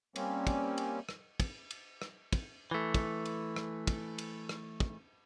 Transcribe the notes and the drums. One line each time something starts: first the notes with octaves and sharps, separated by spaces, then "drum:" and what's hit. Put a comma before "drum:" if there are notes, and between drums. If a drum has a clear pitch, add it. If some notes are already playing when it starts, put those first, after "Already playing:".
G3 A#3 C4 C#4, drum: cymbal
drum: kick, cymbal
drum: cymbal
drum: rim click
drum: kick, cymbal
drum: cymbal
drum: rim click
drum: kick, cymbal
E3 A3
drum: kick, cymbal
drum: cymbal
drum: rim click
drum: kick, cymbal
drum: cymbal
drum: rim click
drum: kick